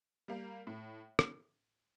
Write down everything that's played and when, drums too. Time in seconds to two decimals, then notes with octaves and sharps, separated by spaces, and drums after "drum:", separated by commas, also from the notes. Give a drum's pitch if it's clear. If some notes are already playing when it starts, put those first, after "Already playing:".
0.28 G3 A#3
0.67 A2
1.19 drum: rim click